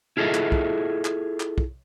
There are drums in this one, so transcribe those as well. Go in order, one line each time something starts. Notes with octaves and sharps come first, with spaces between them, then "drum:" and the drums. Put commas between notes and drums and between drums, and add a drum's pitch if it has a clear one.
E4 F4 G#4 A4 D#5 E5
drum: clap
drum: kick
drum: clap
drum: clap
drum: kick